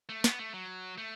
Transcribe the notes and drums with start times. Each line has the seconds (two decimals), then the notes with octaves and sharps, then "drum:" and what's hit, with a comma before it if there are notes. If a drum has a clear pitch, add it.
0.09 A3
0.24 B3, drum: snare
0.39 A3
0.53 F#3
0.98 A3